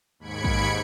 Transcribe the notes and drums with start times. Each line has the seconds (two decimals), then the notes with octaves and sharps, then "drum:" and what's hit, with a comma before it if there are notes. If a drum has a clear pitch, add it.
0.19 D#2 G#2 B5 G#6 C#7 D7
0.44 drum: kick